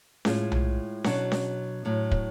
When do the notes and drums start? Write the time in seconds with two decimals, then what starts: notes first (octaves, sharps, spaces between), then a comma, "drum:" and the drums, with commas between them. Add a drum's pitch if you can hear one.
0.25 A2 G#3 F4 G#4, drum: snare C#4
0.52 drum: tom B1
1.04 B2 F#3 D4 F#4, drum: snare C#4
1.32 drum: snare C#4
1.85 A2 F#3
2.11 drum: kick